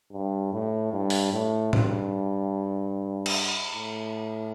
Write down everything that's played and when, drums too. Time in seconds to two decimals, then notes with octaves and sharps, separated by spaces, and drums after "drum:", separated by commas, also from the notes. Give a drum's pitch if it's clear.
0.12 G2
0.53 A2
0.93 G2
1.10 drum: open hi-hat
1.33 A2
1.73 G2, drum: tom A2
3.26 drum: cymbal
3.74 A2